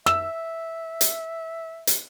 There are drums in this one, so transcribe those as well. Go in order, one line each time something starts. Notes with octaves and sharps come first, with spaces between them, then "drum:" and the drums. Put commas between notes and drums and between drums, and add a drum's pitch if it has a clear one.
E5 E6, drum: rim click
drum: hi-hat
drum: hi-hat